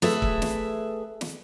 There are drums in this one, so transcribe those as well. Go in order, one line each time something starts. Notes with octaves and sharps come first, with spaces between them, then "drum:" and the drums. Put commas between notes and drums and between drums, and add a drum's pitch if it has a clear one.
A3 G#4 B4 E5, drum: snare
drum: kick
drum: snare
drum: snare